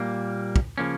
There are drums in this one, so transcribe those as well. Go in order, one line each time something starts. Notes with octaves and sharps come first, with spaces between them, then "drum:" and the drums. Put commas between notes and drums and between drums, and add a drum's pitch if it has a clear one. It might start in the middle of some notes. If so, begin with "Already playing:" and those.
Already playing: A#2 G3 A#3
drum: kick
C#3 F3 A#3 C#4